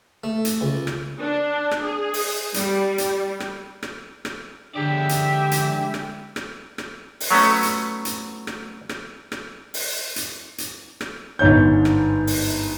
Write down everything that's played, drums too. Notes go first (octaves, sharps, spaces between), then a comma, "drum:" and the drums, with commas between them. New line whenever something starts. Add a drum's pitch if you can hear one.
A3
drum: hi-hat
C#2
drum: rim click
D4
drum: rim click
G#4
drum: open hi-hat
G3, drum: hi-hat
drum: hi-hat
drum: rim click
drum: rim click
drum: rim click
D3 G#3 G4 D5 E5
drum: hi-hat
drum: hi-hat
drum: rim click
drum: rim click
drum: rim click
drum: open hi-hat
F#3 A3 B3 C#4
drum: hi-hat
drum: hi-hat
drum: rim click
drum: rim click
drum: rim click
drum: open hi-hat
drum: hi-hat
drum: hi-hat
drum: rim click
G1 G#2 C#5 G6
drum: rim click
drum: open hi-hat